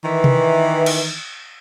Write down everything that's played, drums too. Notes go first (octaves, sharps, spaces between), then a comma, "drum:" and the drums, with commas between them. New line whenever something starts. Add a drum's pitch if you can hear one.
D#3 E3
drum: tom C3
drum: cymbal